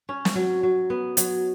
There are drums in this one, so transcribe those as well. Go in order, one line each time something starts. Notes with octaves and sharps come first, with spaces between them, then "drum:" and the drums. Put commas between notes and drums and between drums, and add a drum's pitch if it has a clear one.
C#4
drum: snare
F#3
F#3
B3
F#3, drum: hi-hat